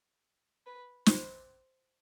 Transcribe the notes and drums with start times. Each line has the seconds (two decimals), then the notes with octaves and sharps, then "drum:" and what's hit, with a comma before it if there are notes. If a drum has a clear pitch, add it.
0.66 B4
1.06 C5, drum: snare